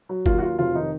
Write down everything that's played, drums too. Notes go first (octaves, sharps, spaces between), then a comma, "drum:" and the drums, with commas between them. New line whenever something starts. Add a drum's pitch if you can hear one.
F#3
D#2 F4, drum: kick
F#4
F#3 F4
F1 F4
D#3 D#4